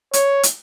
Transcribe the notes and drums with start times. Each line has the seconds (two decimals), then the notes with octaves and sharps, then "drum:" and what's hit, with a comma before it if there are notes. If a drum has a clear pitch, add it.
0.13 C#5, drum: hi-hat
0.43 drum: hi-hat